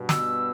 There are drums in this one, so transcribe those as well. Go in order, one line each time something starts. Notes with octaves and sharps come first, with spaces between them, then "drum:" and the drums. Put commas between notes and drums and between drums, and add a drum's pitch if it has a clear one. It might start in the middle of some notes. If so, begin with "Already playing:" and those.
Already playing: G2 B2
E6, drum: snare